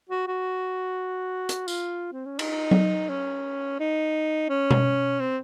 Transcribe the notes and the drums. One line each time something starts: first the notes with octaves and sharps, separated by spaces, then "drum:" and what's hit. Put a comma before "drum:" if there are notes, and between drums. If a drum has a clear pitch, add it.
F#4
F#4
drum: hi-hat
F4, drum: tambourine
C4
C#4
D#4, drum: cymbal
drum: tom F#3
C#4
D#4
C#4
drum: tom B2
C4